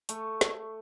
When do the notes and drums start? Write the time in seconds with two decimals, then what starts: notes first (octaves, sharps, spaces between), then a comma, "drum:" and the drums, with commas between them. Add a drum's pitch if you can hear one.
0.09 A3, drum: hi-hat
0.41 drum: snare